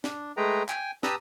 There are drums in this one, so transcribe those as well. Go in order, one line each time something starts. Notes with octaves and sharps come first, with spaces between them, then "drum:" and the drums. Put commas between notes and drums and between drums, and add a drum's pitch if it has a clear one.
D4, drum: snare
G#3 A3 G#4 B4 G5 A#5
G5 G#5, drum: clap
G4 B4 A5 A#5 D#6 E6, drum: snare